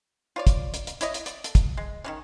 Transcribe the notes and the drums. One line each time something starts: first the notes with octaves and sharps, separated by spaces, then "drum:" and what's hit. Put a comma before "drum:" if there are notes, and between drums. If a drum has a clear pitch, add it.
F4 C#5 D5
drum: kick, hi-hat
drum: hi-hat
drum: hi-hat
E4 C#5 D#5, drum: hi-hat
drum: hi-hat
D5, drum: hi-hat
A4, drum: hi-hat
drum: kick, hi-hat
G#3
D#3 G#3 C#4